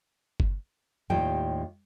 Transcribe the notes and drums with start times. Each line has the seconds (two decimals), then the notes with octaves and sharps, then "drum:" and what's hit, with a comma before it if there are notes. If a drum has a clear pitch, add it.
0.40 drum: kick G1
1.10 D#2 A2 G3 F4 F5 G5